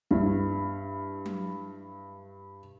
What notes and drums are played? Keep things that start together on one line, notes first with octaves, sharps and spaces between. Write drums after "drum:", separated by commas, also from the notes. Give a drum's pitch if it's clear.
G2 E4, drum: kick B1
drum: tom F#3